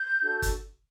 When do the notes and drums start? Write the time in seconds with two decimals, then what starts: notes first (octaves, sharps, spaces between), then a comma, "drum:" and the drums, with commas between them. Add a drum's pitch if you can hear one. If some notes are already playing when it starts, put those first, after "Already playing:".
Already playing: G6
0.21 D4 F#4 A4
0.42 drum: kick G1, hi-hat